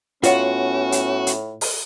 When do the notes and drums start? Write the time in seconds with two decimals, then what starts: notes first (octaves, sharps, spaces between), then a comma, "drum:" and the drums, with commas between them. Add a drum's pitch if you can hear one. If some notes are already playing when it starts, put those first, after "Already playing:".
0.23 A2 B3 C#4 F4 F#4 C#5 F#5, drum: hi-hat
0.92 drum: hi-hat
1.27 drum: hi-hat
1.61 drum: open hi-hat